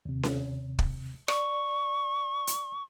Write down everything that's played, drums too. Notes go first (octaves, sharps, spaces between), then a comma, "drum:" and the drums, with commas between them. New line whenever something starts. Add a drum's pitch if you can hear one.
D#2 C3
drum: snare C#4
drum: kick
D5 C#6, drum: rim click
drum: hi-hat